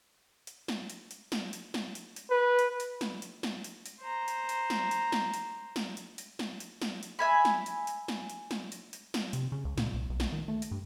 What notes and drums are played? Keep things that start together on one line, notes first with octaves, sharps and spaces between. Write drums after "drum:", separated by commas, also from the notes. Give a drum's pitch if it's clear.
drum: hi-hat
drum: snare
drum: hi-hat
drum: hi-hat
drum: snare
drum: hi-hat
drum: snare
drum: hi-hat
drum: hi-hat
B4
drum: hi-hat
drum: hi-hat
drum: snare
drum: hi-hat
drum: snare
drum: hi-hat
drum: hi-hat
C5 A#5
drum: hi-hat
drum: hi-hat
drum: snare
drum: hi-hat
drum: snare
drum: hi-hat
drum: snare
drum: hi-hat
drum: hi-hat
drum: snare
drum: hi-hat
drum: snare
drum: hi-hat
E5 G#5 B5
drum: snare
drum: hi-hat
drum: hi-hat
drum: snare
drum: hi-hat
drum: snare
drum: hi-hat
drum: hi-hat
drum: snare
C3, drum: hi-hat
C#3
C#2
A#2, drum: snare
C2
B1
drum: snare
D#3
A3
drum: hi-hat
G2